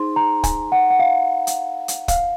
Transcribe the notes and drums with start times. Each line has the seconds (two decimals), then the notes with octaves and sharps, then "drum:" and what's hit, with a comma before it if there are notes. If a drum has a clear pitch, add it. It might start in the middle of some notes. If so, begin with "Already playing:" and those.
Already playing: D#4 G#4 C5 C6
0.16 A#5
0.44 G#5, drum: kick, hi-hat
0.72 F#5
0.90 F#5
0.99 F5
1.47 drum: hi-hat
1.88 drum: hi-hat
2.08 F5, drum: kick, hi-hat